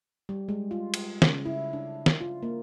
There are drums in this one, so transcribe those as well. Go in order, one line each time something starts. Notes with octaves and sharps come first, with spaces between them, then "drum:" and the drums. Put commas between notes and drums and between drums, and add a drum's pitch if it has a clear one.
G3
G#3
F4
drum: cymbal
C#3, drum: snare
E4
D4
drum: snare
F4
A#3